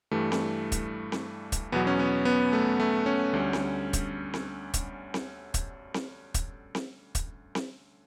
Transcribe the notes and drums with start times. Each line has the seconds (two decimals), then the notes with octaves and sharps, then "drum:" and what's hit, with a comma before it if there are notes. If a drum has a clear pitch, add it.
0.11 G2 E3 G3 A3
0.32 drum: snare C4
0.72 drum: kick, hi-hat
1.12 drum: snare C4
1.52 drum: kick, hi-hat
1.72 E2 B2 F#3 B3
1.87 C#4
1.99 B3
2.25 B3
2.53 A3
2.80 A3
3.06 C#4
3.33 D2 D3 G3
3.53 drum: snare C4
3.93 drum: kick, hi-hat
4.34 drum: snare C4
4.74 drum: kick, hi-hat
5.14 drum: snare C4
5.54 drum: kick, hi-hat
5.94 drum: snare C4
6.34 drum: kick, hi-hat
6.75 drum: snare C4
7.15 drum: kick, hi-hat
7.55 drum: snare C4